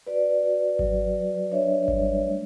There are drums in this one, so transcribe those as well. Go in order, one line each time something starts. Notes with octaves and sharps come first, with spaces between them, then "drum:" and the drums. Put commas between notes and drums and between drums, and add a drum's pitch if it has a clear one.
F#4 B4 D5
F#4
F#3, drum: kick G#1
F#3
D4 C#5 E5
G3, drum: kick G#1
A3